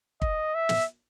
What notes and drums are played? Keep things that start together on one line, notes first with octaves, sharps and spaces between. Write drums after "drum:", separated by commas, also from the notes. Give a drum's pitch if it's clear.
D#5, drum: kick
E5
drum: snare